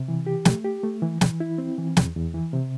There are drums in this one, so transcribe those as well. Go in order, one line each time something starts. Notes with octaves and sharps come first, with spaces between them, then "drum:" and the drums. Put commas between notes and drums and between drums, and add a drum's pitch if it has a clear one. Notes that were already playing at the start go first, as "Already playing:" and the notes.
Already playing: C3
E3
G4
A3, drum: snare
G4
A3
E3
E3, drum: snare
E4
C4
E3
E2, drum: snare
E2
E3
C3